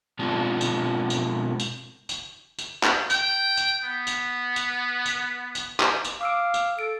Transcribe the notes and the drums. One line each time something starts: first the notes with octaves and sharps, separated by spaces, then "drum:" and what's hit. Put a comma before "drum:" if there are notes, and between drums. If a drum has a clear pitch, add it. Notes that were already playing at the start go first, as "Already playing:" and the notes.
B2 G#3 C4 D4 F4
drum: tambourine
drum: tambourine
drum: tambourine
drum: tambourine
drum: tambourine
drum: clap
G5, drum: tambourine
drum: tambourine
B3
drum: tambourine
drum: tambourine
drum: tambourine
drum: tambourine
drum: clap
drum: tambourine
F5 D6 E6 D7
drum: tambourine
A4 D7